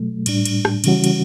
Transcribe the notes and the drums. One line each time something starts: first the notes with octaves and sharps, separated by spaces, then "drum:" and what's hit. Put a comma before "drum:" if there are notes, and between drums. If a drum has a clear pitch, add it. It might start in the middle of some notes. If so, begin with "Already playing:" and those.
Already playing: B2 F#3 A3
A2 G3 D4, drum: cymbal
drum: cymbal
drum: rim click
C#3 E3 G3 C#4 F#4, drum: cymbal
drum: cymbal